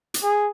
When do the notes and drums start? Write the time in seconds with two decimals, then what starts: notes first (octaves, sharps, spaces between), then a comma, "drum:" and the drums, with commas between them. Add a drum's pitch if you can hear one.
0.14 drum: hi-hat
0.23 G#4